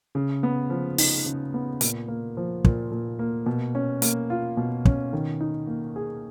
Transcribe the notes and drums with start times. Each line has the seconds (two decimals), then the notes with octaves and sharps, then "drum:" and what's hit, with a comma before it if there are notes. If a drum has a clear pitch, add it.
0.15 C#3
0.43 B3
0.70 F3
0.98 D#4, drum: open hi-hat
1.26 C#3
1.54 B3
1.81 A#2, drum: hi-hat
2.08 A#3
2.37 F3
2.65 A#2, drum: kick
2.91 A#2
3.19 A#3
3.46 B2
3.75 C#4
4.02 A#3, drum: hi-hat
4.30 F4
4.57 B2
4.85 C#4, drum: kick
5.13 D#3
5.41 D#4
5.67 A#3
5.96 G#4